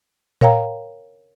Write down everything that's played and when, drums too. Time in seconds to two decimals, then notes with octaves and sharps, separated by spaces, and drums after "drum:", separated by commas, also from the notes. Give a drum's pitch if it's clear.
0.41 A#4 C#5 F5 G5 A#5, drum: tom A2